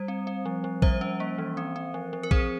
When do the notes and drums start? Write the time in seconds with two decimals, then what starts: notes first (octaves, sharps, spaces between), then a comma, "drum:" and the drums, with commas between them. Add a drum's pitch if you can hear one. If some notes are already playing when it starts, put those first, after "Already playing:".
Already playing: G3 C5
0.08 C4
0.27 C4
0.46 F3
0.64 F3
0.82 G3 C5 E5, drum: kick
1.01 C#4
1.20 A#3
1.38 E3
1.57 C4
1.76 C4
1.94 F3
2.13 F3
2.23 A#4
2.31 C4 G#4 C5, drum: kick